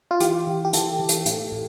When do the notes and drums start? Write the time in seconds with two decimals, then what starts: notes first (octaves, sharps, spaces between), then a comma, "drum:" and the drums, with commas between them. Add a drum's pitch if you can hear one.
0.11 F4
0.20 E3 G4, drum: hi-hat
0.47 E3
0.65 G4
0.73 E3 A4, drum: hi-hat
0.99 E3
1.09 drum: hi-hat
1.26 A2, drum: hi-hat
1.52 A2